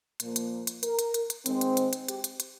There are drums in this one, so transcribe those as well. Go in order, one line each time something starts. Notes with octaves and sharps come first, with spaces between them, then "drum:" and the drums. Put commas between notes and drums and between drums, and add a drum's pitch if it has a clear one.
A#2 F3 A#3, drum: hi-hat
drum: hi-hat
drum: hi-hat
A#4, drum: hi-hat
drum: hi-hat
drum: hi-hat
drum: hi-hat
D#3 G#3 C4, drum: hi-hat
drum: hi-hat
drum: hi-hat
drum: hi-hat
G4, drum: hi-hat
drum: hi-hat
drum: hi-hat